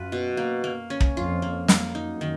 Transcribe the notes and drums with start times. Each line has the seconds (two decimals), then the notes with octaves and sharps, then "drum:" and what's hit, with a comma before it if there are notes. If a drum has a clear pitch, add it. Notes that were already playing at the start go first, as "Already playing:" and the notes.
Already playing: F#2 F4 B4
0.12 B2
0.37 A#3
0.64 A#3
0.90 C#4
1.00 drum: kick
1.17 F2 F4
1.42 A#3
1.68 A#3, drum: snare
1.95 F#2 D#4
2.21 D#3